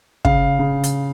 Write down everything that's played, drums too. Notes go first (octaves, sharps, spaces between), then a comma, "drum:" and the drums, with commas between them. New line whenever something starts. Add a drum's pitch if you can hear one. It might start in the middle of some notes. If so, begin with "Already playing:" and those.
C#3 F5, drum: kick
C#3
drum: hi-hat